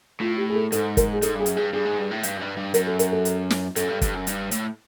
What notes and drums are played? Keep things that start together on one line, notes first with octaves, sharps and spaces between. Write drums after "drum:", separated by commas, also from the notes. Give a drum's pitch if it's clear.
A2 F4
G4
G#4
A4
G#2 A4, drum: hi-hat
A#4, drum: kick, hi-hat
G#4
G#2 A4, drum: hi-hat
G2
G#4
F#2, drum: hi-hat
G2 G#4
G2 G#4
G#2
G2
A2
G2, drum: hi-hat
F#2
G2
G2
F#2 A#4, drum: hi-hat
A4
A#4, drum: hi-hat
A4
drum: hi-hat
drum: snare
F#2 A4, drum: hi-hat
G2
G2, drum: kick, hi-hat
F#2
G2, drum: hi-hat
A2, drum: hi-hat